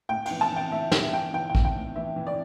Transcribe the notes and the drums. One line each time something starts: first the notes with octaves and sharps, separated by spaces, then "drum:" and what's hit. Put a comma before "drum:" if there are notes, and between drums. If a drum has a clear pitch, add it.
A2 G5
G5, drum: cymbal
E3
A5
E3
G5
A2 E5
A2 E5, drum: snare
E3 G5
E3 G5
G5
A2, drum: kick
G5
A2
E3 E5
E3
D5